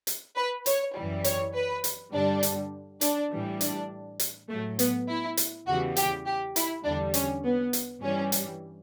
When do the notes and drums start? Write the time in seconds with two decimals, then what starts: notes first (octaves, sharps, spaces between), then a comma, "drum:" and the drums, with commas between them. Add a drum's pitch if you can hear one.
0.07 drum: hi-hat
0.36 B4
0.66 C#5, drum: hi-hat
0.95 F#2 E3 G3
1.24 C#5, drum: hi-hat
1.54 B4
1.84 drum: hi-hat
2.13 G2 D3 G3 D4
2.43 drum: hi-hat
3.01 D4, drum: hi-hat
3.32 A2 E3 G3
3.61 D4, drum: hi-hat
4.20 drum: hi-hat
4.49 A2 F#3 A3
4.79 B3, drum: hi-hat
5.08 E4
5.37 drum: hi-hat
5.67 E2 C#3 E3 G3 F#4
5.96 G4, drum: hi-hat
6.25 G4
6.56 E4, drum: hi-hat
6.84 E2 D3 G3 D4
7.14 C#4, drum: hi-hat
7.44 B3
7.73 drum: hi-hat
8.02 G2 E3 G3 C#4
8.32 drum: hi-hat